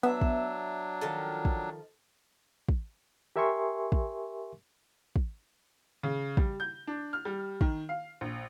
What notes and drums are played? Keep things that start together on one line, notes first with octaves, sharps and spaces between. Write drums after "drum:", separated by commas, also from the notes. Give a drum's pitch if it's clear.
F#3 B3 D4 E5
drum: kick
D#3 F3 A4
drum: kick
drum: kick
G4 A#4 E5 G#5 C6 C#6
drum: kick
drum: kick
C#3
G3, drum: kick
G6
D4
F6
G3
D#3, drum: kick
F5
A#1